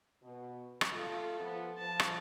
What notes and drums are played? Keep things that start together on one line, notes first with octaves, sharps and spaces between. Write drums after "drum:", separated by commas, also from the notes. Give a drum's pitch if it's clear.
B2
drum: rim click
A3 F4 A4
F3 B3
F3 A5
drum: rim click